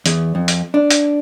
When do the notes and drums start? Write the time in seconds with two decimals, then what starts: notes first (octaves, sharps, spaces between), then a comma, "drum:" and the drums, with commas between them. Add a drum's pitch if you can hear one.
0.06 E2, drum: hi-hat
0.35 F2
0.48 drum: hi-hat
0.74 D4
0.91 drum: hi-hat